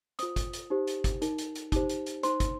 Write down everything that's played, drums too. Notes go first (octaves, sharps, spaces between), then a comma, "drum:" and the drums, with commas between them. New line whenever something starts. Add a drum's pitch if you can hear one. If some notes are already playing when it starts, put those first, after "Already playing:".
F4 C5 D#6, drum: hi-hat
drum: kick, hi-hat
drum: hi-hat
D#4 G4 C5
drum: hi-hat
drum: kick, hi-hat
D#4 A#4, drum: hi-hat
drum: hi-hat
drum: hi-hat
D#4 G4 C5, drum: kick, hi-hat
drum: hi-hat
drum: hi-hat
D#4 C5 C6, drum: hi-hat
drum: kick, hi-hat